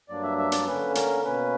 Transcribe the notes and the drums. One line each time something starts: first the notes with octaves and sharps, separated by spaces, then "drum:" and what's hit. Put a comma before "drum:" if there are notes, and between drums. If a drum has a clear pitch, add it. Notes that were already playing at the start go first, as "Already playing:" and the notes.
G2 F#3 A#3 D4 D5
E5
E5
D5, drum: hi-hat
D3 A#3 C#4 B4
A#4, drum: hi-hat
B2 A#3 C#4 B4